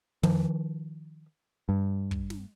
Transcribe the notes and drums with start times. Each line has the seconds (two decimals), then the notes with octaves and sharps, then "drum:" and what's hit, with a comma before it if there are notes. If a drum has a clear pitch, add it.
0.23 D#3 F3, drum: tom
1.69 G2
2.11 drum: kick
2.30 drum: snare